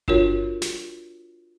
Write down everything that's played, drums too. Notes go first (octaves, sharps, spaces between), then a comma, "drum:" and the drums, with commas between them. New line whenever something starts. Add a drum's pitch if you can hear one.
D4 F4 F#4 A#4 C#5, drum: kick G1
drum: snare